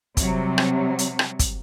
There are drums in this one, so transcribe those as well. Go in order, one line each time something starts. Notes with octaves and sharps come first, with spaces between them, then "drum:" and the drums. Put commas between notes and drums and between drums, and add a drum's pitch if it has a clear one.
C3 F#3 G3, drum: kick, hi-hat
drum: rim click
drum: hi-hat
drum: rim click
drum: kick, hi-hat